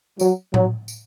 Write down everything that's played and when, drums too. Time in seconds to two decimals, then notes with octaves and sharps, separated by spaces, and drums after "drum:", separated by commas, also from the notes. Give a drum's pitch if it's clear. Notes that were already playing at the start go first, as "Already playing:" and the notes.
0.19 F#3, drum: tambourine
0.54 F#3, drum: tom A2
0.88 drum: tambourine